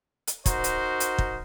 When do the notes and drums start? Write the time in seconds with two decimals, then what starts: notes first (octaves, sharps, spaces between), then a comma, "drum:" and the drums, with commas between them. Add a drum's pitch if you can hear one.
0.27 drum: hi-hat
0.46 D#4 F#4 A#4 C5, drum: kick, hi-hat
0.64 drum: hi-hat
1.00 drum: hi-hat
1.18 drum: kick